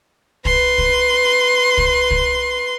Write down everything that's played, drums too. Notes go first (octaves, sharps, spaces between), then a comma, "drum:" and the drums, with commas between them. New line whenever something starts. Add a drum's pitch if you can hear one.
B4 C6, drum: kick
drum: kick
drum: kick
drum: kick